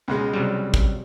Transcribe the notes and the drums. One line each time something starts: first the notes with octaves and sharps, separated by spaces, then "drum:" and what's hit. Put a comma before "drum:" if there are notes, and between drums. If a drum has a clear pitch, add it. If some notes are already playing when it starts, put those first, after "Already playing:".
C#2 B2 G#3
C3 F#3 G3
drum: kick